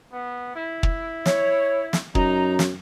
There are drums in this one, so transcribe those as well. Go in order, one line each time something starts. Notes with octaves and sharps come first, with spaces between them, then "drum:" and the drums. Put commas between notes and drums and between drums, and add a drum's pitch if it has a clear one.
B3
E4
drum: kick
C#5, drum: snare
drum: snare
F#2 D#4 A#5, drum: kick
drum: snare